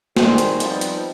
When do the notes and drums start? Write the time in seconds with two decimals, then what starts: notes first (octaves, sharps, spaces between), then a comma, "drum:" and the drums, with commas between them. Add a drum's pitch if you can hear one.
0.17 D#3 G3 G4 G#4 C5, drum: snare
0.38 drum: hi-hat
0.60 F3 G3 B3 C4 D#4, drum: hi-hat
0.81 drum: hi-hat